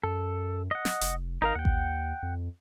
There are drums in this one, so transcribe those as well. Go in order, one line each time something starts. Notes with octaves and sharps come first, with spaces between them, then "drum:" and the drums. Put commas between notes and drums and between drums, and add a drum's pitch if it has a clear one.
F#2 A4
D#5 F#5
drum: snare
F1, drum: hi-hat
G#1 D#4 A#4 F5
D#2 F#5 G5
drum: kick A1
F2